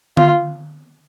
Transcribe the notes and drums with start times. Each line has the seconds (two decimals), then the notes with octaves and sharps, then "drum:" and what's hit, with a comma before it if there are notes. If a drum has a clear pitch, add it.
0.17 F4, drum: tom D3